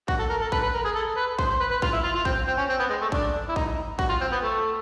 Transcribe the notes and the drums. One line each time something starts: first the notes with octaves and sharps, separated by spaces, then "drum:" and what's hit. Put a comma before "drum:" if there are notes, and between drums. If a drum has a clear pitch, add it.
F#4, drum: kick
A4
A#4
A4
B4, drum: kick
B4
A#4
G#4
A4
B4
C5, drum: kick
C5
B4
B4
F4, drum: kick
E4
F4
F4
C4, drum: kick
C4
C#4
C4
B3
G#3
A3
D4, drum: kick
E4
D#4, drum: kick
F#4, drum: kick
F4
C4
B3
A3